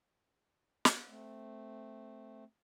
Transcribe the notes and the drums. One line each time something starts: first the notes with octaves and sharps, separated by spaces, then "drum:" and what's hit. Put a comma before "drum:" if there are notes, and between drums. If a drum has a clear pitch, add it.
drum: snare
A3 C4